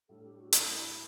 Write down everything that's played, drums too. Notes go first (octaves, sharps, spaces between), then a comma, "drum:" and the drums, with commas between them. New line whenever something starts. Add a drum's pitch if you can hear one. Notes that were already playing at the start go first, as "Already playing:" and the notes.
A2 G3 D4 A4
G4
F#4
E4, drum: hi-hat